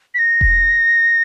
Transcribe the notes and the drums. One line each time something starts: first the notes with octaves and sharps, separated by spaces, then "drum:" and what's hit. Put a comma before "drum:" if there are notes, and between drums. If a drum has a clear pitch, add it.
B6
A#6
drum: kick E1